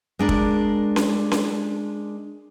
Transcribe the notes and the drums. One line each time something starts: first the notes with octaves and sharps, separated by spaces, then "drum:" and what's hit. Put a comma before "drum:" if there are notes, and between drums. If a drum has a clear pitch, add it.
G#3 D4 A#4 D5
drum: kick
drum: snare C#4
drum: snare C#4